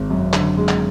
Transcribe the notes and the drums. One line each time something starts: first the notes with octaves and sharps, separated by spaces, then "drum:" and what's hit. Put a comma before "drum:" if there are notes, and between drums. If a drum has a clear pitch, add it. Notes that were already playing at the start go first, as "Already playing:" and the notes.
Already playing: G#1 G#3
F#2
D3, drum: clap
G#3
drum: clap